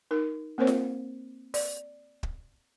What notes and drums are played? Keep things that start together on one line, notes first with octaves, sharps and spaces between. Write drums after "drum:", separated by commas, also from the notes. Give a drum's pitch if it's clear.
D#4 A#4
A#3 C4 A#4 C5 C#5
drum: snare F4
D5, drum: open hi-hat
drum: kick